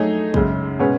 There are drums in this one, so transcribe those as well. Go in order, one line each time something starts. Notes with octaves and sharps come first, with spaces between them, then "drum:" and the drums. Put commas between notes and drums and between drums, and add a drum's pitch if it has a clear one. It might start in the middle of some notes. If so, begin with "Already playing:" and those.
Already playing: F#3 A3 D#4 G#4 C#5
F#2 C#3 G#3, drum: kick
B2 G#3 C#4 G#4 B4